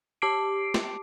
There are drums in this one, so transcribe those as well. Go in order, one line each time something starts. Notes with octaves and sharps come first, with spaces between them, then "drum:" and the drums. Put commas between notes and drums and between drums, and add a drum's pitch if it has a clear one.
G4 A5 D6 C7 D7
drum: snare